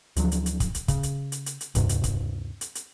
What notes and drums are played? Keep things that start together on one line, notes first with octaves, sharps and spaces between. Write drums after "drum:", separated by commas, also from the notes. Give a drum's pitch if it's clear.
D2 F3 F#3, drum: hi-hat
drum: hi-hat
drum: hi-hat
drum: kick, hi-hat
drum: hi-hat
C#3, drum: kick, hi-hat
drum: hi-hat
drum: hi-hat
drum: hi-hat
drum: hi-hat
D2 G2 C3, drum: kick, hi-hat
drum: hi-hat
drum: kick, hi-hat
drum: hi-hat
drum: hi-hat